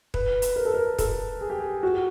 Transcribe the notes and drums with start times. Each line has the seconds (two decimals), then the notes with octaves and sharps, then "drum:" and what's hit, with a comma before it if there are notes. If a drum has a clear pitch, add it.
0.14 B4, drum: kick
0.42 drum: hi-hat
0.56 A#4
0.65 A4
0.74 A#4
0.98 A4, drum: kick, hi-hat
1.41 G#4
1.50 G4
1.59 G#4
1.83 F#4